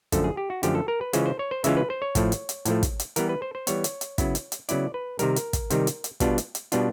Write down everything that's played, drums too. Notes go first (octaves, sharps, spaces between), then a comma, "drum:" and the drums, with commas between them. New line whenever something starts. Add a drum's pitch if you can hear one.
F#2 D3 F3 A3 A4, drum: kick, hi-hat
G#4
G4
F#4
F#2 D3 F3 A3 G4, drum: hi-hat
A4
A#4
B4
C#3 E3 G#3 C#4 F4 C5, drum: hi-hat
C5
C#5
C5
C#3 E3 G#3 C#4 F4 E5, drum: hi-hat
B4
C5
C#5
A2 F3 A3, drum: kick, hi-hat
drum: hi-hat
drum: hi-hat
A2 F3 A3, drum: hi-hat
drum: kick, hi-hat
drum: hi-hat
E3 G3 B3 A#4, drum: hi-hat
B4
C5
C5
E3 G3 B3 C#5, drum: hi-hat
drum: hi-hat
drum: hi-hat
C#3 F#3 B3 E4, drum: kick, hi-hat
drum: hi-hat
drum: hi-hat
C#3 F#3 B3 E4 D5, drum: hi-hat
B4
C3 D#3 G3 A#4, drum: hi-hat
drum: hi-hat
drum: kick, hi-hat
C3 D#3 G3, drum: hi-hat
drum: hi-hat
drum: hi-hat
B2 G3 B3 D4 F4, drum: kick, hi-hat
drum: hi-hat
drum: hi-hat
B2 G3 B3 D4 F4, drum: hi-hat